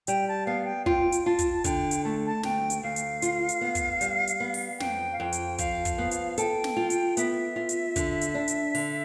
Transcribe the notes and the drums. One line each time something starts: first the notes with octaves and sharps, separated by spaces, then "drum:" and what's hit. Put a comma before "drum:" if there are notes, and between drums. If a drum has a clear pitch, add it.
G3 G5, drum: hi-hat
A5
B3 F5
G5
F4 G5, drum: kick
drum: hi-hat
F4 A5
drum: kick, hi-hat
D3 G5, drum: kick, hi-hat
drum: hi-hat
A3 A5
A5
D2 G5, drum: snare
drum: hi-hat
D2 F5
drum: hi-hat
F4, drum: hi-hat
drum: hi-hat
B3
drum: kick, hi-hat
G3, drum: hi-hat
drum: hi-hat
B3
drum: open hi-hat
F2 G5, drum: snare
F5
F2 G5
drum: hi-hat
F3 F5, drum: kick, hi-hat
drum: kick, hi-hat
B3
drum: hi-hat
A4 G5, drum: hi-hat
drum: snare
F4
drum: hi-hat
B3 E5, drum: hi-hat
F4
drum: hi-hat
D3, drum: kick, hi-hat
drum: hi-hat
D4
drum: hi-hat
D3, drum: open hi-hat